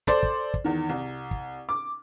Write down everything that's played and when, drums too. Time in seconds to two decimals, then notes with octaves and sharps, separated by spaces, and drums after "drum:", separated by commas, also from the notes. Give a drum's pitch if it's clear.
0.07 A4 C5 D5, drum: snare
0.23 drum: kick
0.54 drum: kick
0.64 E2 D#3
0.89 C2
1.31 drum: kick
1.69 D6